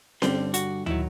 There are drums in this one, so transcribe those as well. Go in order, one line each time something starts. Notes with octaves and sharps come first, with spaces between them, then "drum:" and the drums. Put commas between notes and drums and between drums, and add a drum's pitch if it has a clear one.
G2 D3 G3 C4, drum: snare C#4
F#4, drum: hi-hat
D#3 F#3 E4, drum: tom